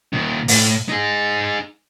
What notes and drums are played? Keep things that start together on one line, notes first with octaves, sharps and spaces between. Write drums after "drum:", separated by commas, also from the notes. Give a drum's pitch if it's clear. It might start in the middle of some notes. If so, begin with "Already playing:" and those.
A#2 D#3
A2, drum: open hi-hat
D#4 G#4